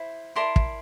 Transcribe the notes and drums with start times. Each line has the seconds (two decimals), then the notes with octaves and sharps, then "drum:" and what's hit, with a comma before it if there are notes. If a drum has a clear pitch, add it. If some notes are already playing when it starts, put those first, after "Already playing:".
Already playing: E4 C5
0.36 E4 A#4 D5 A5 C6
0.56 drum: kick